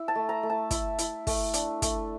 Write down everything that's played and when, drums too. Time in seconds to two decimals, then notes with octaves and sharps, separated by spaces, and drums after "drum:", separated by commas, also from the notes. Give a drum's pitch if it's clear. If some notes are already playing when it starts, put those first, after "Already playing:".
Already playing: E4
0.08 A5
0.15 A3
0.29 A#5
0.43 A3
0.50 A5
0.71 E4, drum: kick, hi-hat
0.98 E4, drum: hi-hat
1.27 A3, drum: kick, open hi-hat
1.53 D4, drum: hi-hat
1.82 A3, drum: kick, hi-hat